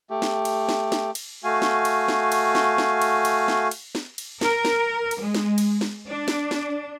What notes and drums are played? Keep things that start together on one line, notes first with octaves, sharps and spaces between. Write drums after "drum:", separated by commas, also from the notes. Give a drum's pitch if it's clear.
A3 G4
drum: snare
drum: cymbal
drum: snare
drum: snare
drum: cymbal
A3 F#4 F5 G#5
drum: snare
drum: cymbal
drum: snare
drum: cymbal
drum: snare
drum: snare
drum: cymbal
drum: cymbal
drum: snare
drum: cymbal
drum: snare
drum: cymbal
A#4, drum: snare
drum: snare
drum: cymbal
G#3
drum: snare
drum: cymbal
drum: snare
D4
drum: snare
drum: snare